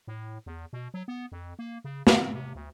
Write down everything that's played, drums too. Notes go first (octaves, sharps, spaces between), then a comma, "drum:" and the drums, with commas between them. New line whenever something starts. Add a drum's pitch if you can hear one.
A2
E2
B2
F#3
B3
F2
A#3
C#3
C#3, drum: snare
C4
C3
D2